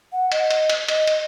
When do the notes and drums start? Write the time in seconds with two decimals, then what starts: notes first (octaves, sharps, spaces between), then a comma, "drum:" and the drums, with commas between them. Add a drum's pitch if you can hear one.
0.12 F#5
0.32 D#5, drum: hi-hat
0.51 drum: hi-hat
0.69 drum: hi-hat
0.88 D#5, drum: hi-hat
1.07 drum: hi-hat